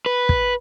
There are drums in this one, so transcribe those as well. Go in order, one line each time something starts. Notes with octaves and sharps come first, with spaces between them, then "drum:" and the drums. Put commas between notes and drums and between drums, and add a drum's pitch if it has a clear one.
B4
drum: kick